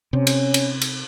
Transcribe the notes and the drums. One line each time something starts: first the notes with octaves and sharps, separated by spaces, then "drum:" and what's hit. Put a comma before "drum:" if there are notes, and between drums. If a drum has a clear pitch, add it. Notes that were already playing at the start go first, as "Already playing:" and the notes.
C3 C#4
drum: cymbal
drum: cymbal
drum: cymbal